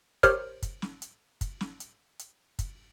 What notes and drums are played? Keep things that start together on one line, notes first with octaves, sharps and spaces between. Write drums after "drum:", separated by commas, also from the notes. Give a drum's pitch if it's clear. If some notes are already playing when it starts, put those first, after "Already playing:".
G4 A#4 C5 C#5 F6, drum: kick, hi-hat
drum: kick, hi-hat
drum: snare
drum: hi-hat
drum: kick, hi-hat
drum: snare
drum: hi-hat
drum: hi-hat
drum: kick, hi-hat